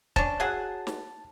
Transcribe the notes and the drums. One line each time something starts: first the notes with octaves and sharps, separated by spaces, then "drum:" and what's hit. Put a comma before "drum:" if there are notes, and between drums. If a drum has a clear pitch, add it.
C#4 D4 A5, drum: kick
F#3 G#4 F#5
drum: snare